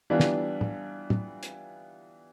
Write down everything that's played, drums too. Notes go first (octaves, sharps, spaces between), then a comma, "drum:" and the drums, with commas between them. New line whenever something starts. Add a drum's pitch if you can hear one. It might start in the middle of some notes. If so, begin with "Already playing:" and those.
E3 G3 B3 D4 F4
drum: snare
drum: tom
drum: tom
drum: hi-hat